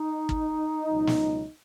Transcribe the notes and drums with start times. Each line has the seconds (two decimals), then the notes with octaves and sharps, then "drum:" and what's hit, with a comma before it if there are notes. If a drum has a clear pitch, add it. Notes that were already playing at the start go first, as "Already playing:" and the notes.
Already playing: D#4
0.29 drum: kick
0.88 C#2 B2 F#3
1.07 drum: snare